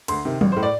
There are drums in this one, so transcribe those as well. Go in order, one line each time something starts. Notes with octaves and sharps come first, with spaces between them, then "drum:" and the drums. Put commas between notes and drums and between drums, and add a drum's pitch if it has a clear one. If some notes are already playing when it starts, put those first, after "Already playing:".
D2 C6, drum: cymbal
C3 D#3
A1, drum: tom F#3
A2 C5
D5